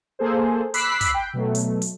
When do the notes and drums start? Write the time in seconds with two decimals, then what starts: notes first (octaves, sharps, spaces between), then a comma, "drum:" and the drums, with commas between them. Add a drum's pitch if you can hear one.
0.19 A#3 G#4 A4 C5
0.74 B5 D6 E6 F#6 B6 C7, drum: hi-hat
1.01 drum: kick, hi-hat
1.14 G5
1.34 B2 F#3 A3
1.55 drum: hi-hat
1.82 drum: hi-hat